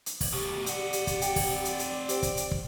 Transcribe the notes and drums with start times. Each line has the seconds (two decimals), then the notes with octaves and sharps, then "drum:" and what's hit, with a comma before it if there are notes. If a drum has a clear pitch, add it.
0.06 drum: hi-hat
0.21 drum: kick, open hi-hat
0.33 D2 B2 G4
0.66 C4 D5 F#5, drum: hi-hat
0.93 drum: hi-hat
1.07 drum: kick, hi-hat
1.22 G5, drum: hi-hat
1.36 drum: kick, open hi-hat
1.65 drum: hi-hat
1.79 drum: hi-hat
2.09 G4 C5 G5, drum: hi-hat
2.23 drum: kick, hi-hat
2.37 drum: hi-hat
2.51 drum: kick